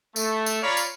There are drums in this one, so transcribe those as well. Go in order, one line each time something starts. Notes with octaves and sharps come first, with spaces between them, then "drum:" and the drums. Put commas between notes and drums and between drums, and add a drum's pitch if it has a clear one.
A3, drum: tambourine
drum: tambourine
F4 C#5 D5 F5 A#5 B5
drum: tambourine